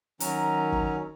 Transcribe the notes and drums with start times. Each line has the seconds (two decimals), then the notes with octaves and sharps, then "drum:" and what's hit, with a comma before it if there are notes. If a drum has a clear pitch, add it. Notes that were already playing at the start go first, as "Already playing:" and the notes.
0.20 D#3 F#3 C#4 A#5, drum: hi-hat
0.72 drum: kick